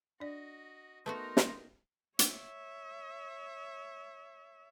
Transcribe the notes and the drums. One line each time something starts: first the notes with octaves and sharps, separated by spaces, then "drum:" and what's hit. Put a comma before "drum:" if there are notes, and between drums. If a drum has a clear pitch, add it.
D4 F#4 D5 D#5
A3 B3 D#4 F#4 A#4 B4 C6
drum: snare
C#5 E5, drum: hi-hat